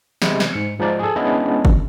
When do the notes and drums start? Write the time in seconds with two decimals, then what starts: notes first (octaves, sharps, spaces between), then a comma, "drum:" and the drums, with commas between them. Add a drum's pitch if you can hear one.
0.22 C3 G3 G#3, drum: snare
0.40 drum: snare
0.53 G#2 C#7
0.79 G#2 F3 D#4 D5
0.99 G#4 A4
1.16 G#3 B3 C#4 D4 E4 D#5
1.65 drum: kick